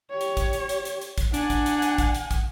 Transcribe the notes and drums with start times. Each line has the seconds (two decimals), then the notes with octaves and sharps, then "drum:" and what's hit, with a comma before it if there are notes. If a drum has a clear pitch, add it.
0.10 G4 C#5
0.21 drum: hi-hat
0.37 drum: kick, hi-hat
0.53 drum: hi-hat
0.69 drum: hi-hat
0.85 drum: hi-hat
1.01 drum: hi-hat
1.18 drum: kick, hi-hat
1.34 D4 F#5 G#5, drum: hi-hat
1.50 drum: kick, hi-hat
1.66 drum: hi-hat
1.82 drum: hi-hat
1.98 drum: kick, hi-hat
2.15 drum: hi-hat
2.31 drum: kick, hi-hat